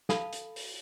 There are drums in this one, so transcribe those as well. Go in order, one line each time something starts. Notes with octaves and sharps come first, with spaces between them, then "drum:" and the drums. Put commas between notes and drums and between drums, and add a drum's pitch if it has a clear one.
A4 F5 A5 B5, drum: snare
drum: hi-hat
drum: open hi-hat